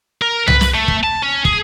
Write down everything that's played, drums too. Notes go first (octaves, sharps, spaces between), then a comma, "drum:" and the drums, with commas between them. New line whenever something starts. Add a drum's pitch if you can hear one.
A#4
B4, drum: tom C2
drum: snare
A3
drum: kick
A5
C#4
G#4, drum: kick